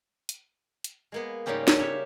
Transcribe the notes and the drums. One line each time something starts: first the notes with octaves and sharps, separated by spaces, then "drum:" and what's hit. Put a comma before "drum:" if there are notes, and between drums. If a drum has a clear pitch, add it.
drum: hi-hat
drum: hi-hat
G#3 A#3 B3
G#2 C#3 G3 A#3 C#4 G4
drum: snare
G4 C#5 E5 F5